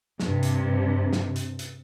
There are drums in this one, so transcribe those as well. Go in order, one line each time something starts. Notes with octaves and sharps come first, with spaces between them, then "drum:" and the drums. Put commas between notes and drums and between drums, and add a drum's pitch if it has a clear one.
G2 C3, drum: snare
drum: hi-hat
drum: snare
drum: hi-hat
drum: hi-hat